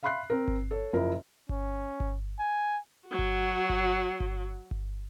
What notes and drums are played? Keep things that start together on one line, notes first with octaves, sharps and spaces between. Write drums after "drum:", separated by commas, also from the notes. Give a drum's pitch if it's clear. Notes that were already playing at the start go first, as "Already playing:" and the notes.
E5 F5 B5 C6 F#6 C7
C4 A#4
drum: kick G1
A4 C#5
F#1 F3 E4 A#4
C#4, drum: kick G1
drum: kick G1
G#5
F#3 F#4
drum: kick G1
drum: kick G1
drum: kick G1
drum: kick G1